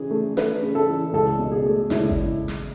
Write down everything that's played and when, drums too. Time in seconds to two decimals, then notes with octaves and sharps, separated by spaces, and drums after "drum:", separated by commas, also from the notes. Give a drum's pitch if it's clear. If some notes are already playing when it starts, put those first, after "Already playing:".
Already playing: C#3 E3 G#4
0.11 A3
0.37 A3 B4, drum: snare
0.62 C#3
0.75 A4
0.88 E3
1.13 C#2 A4
1.39 B2
1.51 G#4
1.65 A3
1.90 C#2 E4, drum: snare
2.10 drum: kick G#1
2.48 drum: snare